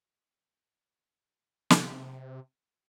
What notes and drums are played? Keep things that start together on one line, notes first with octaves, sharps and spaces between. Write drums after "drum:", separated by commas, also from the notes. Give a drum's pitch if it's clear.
C3, drum: snare